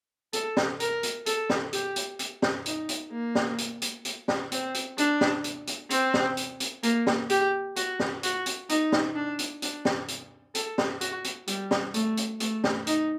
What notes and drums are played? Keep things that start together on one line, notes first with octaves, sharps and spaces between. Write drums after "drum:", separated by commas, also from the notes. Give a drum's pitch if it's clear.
A4, drum: hi-hat
drum: snare
A#4, drum: hi-hat
drum: hi-hat
A4, drum: hi-hat
drum: snare
G4, drum: hi-hat
drum: hi-hat
drum: hi-hat
drum: snare
D#4, drum: hi-hat
drum: hi-hat
A#3
drum: snare
drum: hi-hat
drum: hi-hat
drum: hi-hat
drum: snare
C4, drum: hi-hat
drum: hi-hat
D4, drum: hi-hat
drum: snare
drum: hi-hat
drum: hi-hat
C4, drum: hi-hat
drum: snare
drum: hi-hat
drum: hi-hat
A#3, drum: hi-hat
drum: snare
G4, drum: hi-hat
F#4, drum: hi-hat
drum: snare
F#4, drum: hi-hat
drum: hi-hat
D#4, drum: hi-hat
drum: snare
D4
drum: hi-hat
D4, drum: hi-hat
drum: snare
drum: hi-hat
A4, drum: hi-hat
drum: snare
F#4, drum: hi-hat
drum: hi-hat
G3, drum: hi-hat
drum: snare
A3, drum: hi-hat
drum: hi-hat
A3, drum: hi-hat
drum: snare
D#4, drum: hi-hat